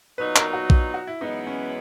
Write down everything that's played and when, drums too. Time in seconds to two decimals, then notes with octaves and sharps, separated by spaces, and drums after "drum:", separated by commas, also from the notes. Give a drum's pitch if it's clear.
0.18 A#2 F#3 B3 D#4 B4
0.36 A#4, drum: clap
0.53 F#4
0.70 drum: kick A#1
0.94 F#4
1.07 E4
1.21 F#2 E3 G#3 B3 D#4
1.47 C#4